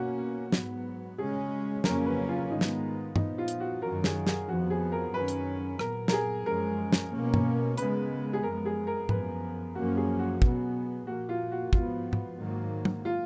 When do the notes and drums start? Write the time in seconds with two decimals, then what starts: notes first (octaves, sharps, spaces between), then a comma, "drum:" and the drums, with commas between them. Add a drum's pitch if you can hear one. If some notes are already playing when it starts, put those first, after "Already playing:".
Already playing: B2 A#3 C#4 F#4
0.52 G#2 F#3 B3, drum: snare
1.18 C#3 G#3 C#4 G#4
1.84 F2 C#3 F#3 A#3 C#4 A#4, drum: snare
2.06 B4
2.28 F4
2.50 G#2 D#3 G#3 B3 D#4
2.61 drum: snare
3.16 A#2 F3 B3 D#4, drum: tom G2
3.38 F4
3.48 drum: hi-hat
3.60 F#4
3.82 F#2 D#3 F#3 C#4 A#4
4.04 G#4, drum: snare
4.27 G#4, drum: snare
4.49 F2 F3 B3 F#4
4.70 G#4
4.92 A#4
5.14 F#2 D#3 F#3 C#4 B4
5.28 drum: hi-hat
5.79 A#2 F#3 B3 A#4, drum: rim click
6.08 A#4, drum: snare
6.12 G#4
6.46 F#2 F3 G#3 C#4 A#4
6.93 drum: snare
7.12 B2 A#3 C#4
7.34 drum: tom G2
7.77 C#3 G#3 B3 B4, drum: hi-hat
8.33 G#4
8.43 F#2 F3 G#3 B3 A#4
8.65 G#4
8.87 A#4
9.09 F#2 F3 B3 B4, drum: tom G#2
9.75 F#2 F3 A#3 C#4 F#4
9.97 G#4
10.19 F#4
10.42 B2 F#3 B3, drum: kick
11.07 A#2 F3 A#3 F#4
11.29 F4
11.52 F#4
11.73 G#2 F3 B3 F4, drum: kick
12.13 drum: tom G#2
12.39 G#2 D#3 F#3 A#3
12.85 drum: tom
13.05 F4